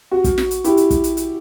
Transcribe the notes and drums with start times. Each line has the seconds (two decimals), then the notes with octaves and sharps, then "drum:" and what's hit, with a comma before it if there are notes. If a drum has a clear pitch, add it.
0.11 F#4
0.24 drum: kick, hi-hat
0.38 drum: snare
0.51 drum: hi-hat
0.64 E4 G4, drum: hi-hat
0.77 drum: hi-hat
0.90 drum: kick, hi-hat
1.04 drum: hi-hat
1.17 drum: hi-hat